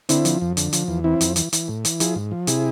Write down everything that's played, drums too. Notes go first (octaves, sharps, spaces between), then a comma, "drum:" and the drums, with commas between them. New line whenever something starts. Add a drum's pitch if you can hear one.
D3 C4 E4, drum: hi-hat
F3, drum: hi-hat
F2
D3, drum: hi-hat
F3, drum: hi-hat
E2
E3 C4 E4
F2, drum: hi-hat
E3, drum: hi-hat
E3, drum: hi-hat
A2
E3, drum: hi-hat
F3 E4 G#4, drum: hi-hat
G#2
F3
C3 E4 G#4, drum: hi-hat